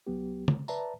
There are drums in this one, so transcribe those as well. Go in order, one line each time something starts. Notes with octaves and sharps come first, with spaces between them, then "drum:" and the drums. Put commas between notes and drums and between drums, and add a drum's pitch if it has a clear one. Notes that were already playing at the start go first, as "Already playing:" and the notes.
C2 F#3 B3 G4
drum: tom
B4 D5 E5 A5 A#5, drum: tambourine